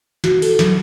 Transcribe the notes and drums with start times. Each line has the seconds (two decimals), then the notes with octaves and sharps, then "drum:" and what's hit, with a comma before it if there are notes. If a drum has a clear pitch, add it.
0.24 F#4, drum: snare
0.42 A4, drum: open hi-hat
0.59 F#3, drum: snare